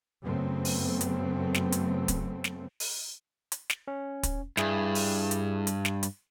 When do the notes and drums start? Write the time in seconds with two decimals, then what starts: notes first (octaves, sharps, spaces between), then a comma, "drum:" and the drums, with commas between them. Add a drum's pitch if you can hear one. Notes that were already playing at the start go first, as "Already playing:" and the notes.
0.23 F#2 C#3 F#3 A3 B3 C4
0.65 drum: open hi-hat
1.01 drum: hi-hat
1.54 drum: snare
1.72 drum: hi-hat
2.08 drum: kick, hi-hat
2.44 drum: snare
2.80 drum: open hi-hat
3.52 drum: hi-hat
3.70 drum: snare
3.88 C#4
4.23 drum: kick, hi-hat
4.57 G2 E4 G#4, drum: snare
4.95 drum: open hi-hat
5.31 drum: hi-hat
5.67 drum: hi-hat
5.85 drum: snare
6.03 drum: hi-hat